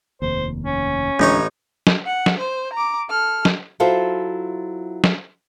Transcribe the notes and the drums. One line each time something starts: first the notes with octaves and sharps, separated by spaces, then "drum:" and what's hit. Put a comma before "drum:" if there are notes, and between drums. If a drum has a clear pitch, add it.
F1 D#2 C5
C#4
A1 D2 G#3 D4 D#4 C#5
drum: snare
F#5
drum: snare
C5
A#5 D6
A4 F6
drum: snare
F#3 E4 F4 A4 C5 E5
drum: snare